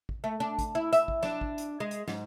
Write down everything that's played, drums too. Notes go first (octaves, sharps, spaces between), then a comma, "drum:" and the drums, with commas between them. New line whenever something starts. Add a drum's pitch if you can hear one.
drum: kick G#1
A3
D4
drum: kick G#1, hi-hat
E4
E5, drum: hi-hat
drum: kick G#1
D4, drum: snare
drum: kick G#1
drum: hi-hat
G#3
drum: hi-hat
G#2, drum: snare